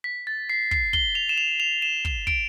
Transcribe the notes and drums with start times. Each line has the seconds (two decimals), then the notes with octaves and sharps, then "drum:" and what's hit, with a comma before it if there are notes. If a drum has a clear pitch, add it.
0.04 B6
0.27 A6
0.50 C7
0.71 C7, drum: kick
0.93 G7, drum: kick
1.15 F7
1.29 E7
1.38 F7
1.60 F7
1.82 E7
2.05 drum: kick
2.27 D7, drum: kick